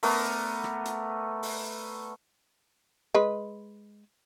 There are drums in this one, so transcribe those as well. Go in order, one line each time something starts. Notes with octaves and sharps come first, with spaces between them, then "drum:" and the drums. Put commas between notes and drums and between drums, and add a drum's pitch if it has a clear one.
A3 B3 A#4 D5, drum: open hi-hat
drum: rim click
drum: hi-hat
drum: open hi-hat
G#3 B4